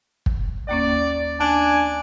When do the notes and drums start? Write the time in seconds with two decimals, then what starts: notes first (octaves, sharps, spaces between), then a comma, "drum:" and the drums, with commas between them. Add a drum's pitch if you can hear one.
0.26 drum: kick
0.69 D#2 A#3 C#4 D5
1.40 D4 G#5